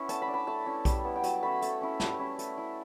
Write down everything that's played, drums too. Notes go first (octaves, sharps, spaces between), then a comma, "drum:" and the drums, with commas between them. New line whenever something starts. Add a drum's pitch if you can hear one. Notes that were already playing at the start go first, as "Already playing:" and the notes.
Already playing: B3 C#4 E4
A3 A5, drum: hi-hat
B5
D4
B5
A3 A5
C#4 E4
G3, drum: kick B1, hi-hat
B3 E4
G5
F#3 A5, drum: hi-hat
A3 C#4 E4 B5
A3, drum: hi-hat
C#4 E4
G3 A5, drum: snare
C#4 E4
A3, drum: hi-hat
E4